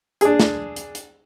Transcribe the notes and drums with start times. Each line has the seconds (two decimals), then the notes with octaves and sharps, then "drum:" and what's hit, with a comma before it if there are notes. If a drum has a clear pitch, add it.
0.21 D4 G#4, drum: hi-hat
0.40 drum: snare
0.76 drum: hi-hat
0.95 drum: hi-hat